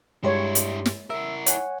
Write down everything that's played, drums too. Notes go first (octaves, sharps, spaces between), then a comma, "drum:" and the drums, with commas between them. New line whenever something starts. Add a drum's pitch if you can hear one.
G2 G#3 D4 E4 G4 C#5 C6
drum: hi-hat
drum: snare
E4 A#4 E5 E6
C#5 F#5 G#5, drum: hi-hat